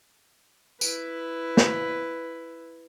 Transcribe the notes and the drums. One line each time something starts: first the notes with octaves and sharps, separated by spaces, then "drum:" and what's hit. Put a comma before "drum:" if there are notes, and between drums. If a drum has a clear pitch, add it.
E4 B4, drum: tambourine
drum: snare